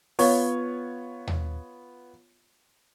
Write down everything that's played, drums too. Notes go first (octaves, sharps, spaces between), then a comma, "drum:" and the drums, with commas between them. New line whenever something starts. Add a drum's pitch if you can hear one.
B3 F4 C#5, drum: open hi-hat
drum: tom D#2